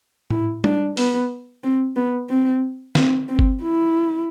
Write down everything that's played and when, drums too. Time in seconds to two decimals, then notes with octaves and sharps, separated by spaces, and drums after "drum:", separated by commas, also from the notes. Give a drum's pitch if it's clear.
0.30 E4, drum: tom A2
0.64 D4, drum: tom G3
0.97 B3, drum: open hi-hat
1.64 C4
1.96 B3
2.30 C4
2.95 C4, drum: snare
3.29 C4
3.39 drum: kick G1
3.62 E4